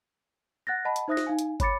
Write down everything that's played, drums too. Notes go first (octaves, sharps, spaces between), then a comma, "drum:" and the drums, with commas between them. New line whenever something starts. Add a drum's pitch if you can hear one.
F#5 F#6 A6 A#6
D#5 F#5 A5 B5
drum: hi-hat
D#4 C5 E5 D#6 F#6 A#6
drum: snare
D#4 F5 G#5
drum: hi-hat
C#5 B5 D6 A6 C#7, drum: kick, hi-hat